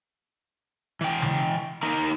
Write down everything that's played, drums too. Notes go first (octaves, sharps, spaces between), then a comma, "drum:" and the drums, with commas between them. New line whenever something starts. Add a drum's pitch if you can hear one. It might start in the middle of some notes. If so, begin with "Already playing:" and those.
E3 G5
drum: tom C#3
A#3 D#4 A#4